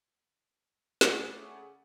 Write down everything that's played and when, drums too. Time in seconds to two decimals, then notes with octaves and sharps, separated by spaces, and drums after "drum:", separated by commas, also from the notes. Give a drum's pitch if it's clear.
1.01 C#3 A3 C#4 D5 F#5, drum: snare